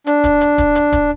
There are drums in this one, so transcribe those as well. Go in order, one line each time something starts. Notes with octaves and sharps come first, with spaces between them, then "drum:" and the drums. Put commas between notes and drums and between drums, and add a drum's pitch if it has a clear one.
D4, drum: hi-hat
drum: kick D1, hi-hat
drum: hi-hat
drum: kick D1, hi-hat
drum: hi-hat
drum: kick D1, hi-hat